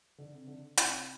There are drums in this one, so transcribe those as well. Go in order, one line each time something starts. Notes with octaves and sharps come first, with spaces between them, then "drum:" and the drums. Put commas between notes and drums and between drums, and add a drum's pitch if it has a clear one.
D3
C3
D3
C3, drum: hi-hat